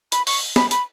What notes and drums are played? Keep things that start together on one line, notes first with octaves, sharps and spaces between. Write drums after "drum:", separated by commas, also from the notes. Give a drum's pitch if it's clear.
B5, drum: hi-hat
C#6, drum: open hi-hat
B5, drum: snare
B5, drum: hi-hat